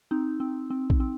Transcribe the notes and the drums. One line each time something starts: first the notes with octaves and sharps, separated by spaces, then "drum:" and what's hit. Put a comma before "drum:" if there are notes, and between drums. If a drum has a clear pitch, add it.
C4 D#4
C4
C4
drum: kick A#1
C4